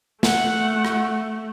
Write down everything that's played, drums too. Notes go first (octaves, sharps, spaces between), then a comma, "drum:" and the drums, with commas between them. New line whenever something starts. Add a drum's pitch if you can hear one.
A3 F#5, drum: snare
drum: rim click